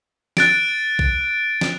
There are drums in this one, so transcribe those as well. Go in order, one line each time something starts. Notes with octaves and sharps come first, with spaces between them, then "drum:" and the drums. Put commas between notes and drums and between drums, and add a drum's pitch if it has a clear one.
F#6 A6 D7, drum: snare
drum: kick A#1
drum: snare